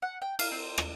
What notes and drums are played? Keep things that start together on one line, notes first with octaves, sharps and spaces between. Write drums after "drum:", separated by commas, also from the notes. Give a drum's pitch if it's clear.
F#5
G5
F5, drum: cymbal
C4
drum: rim click